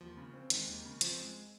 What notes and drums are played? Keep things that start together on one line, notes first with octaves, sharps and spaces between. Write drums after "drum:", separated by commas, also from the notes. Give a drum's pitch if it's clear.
D#2 F3
C#3
C4
D#3 G#3, drum: hi-hat
D#2
C#3
F3 C4, drum: hi-hat
G#3